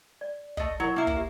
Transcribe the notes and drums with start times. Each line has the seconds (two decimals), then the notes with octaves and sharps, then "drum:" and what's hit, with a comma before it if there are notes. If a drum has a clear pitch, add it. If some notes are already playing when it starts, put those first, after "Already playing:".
0.21 D5
0.57 A3 D#5, drum: kick
0.80 F#3 E4 A#4 C#5
0.96 A#3 E4 F#5 D6
1.07 drum: kick
1.16 G4 E5